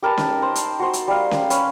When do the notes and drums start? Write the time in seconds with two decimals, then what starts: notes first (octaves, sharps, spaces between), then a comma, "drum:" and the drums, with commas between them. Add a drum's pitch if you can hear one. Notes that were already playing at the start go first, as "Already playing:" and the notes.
0.02 G4 A#4 B4 A5
0.18 D#4, drum: snare C#4
0.42 C5
0.55 drum: hi-hat
0.80 F#4 C5
0.93 drum: hi-hat
1.08 G3 F5
1.31 drum: snare C#4
1.50 C#4 B4, drum: hi-hat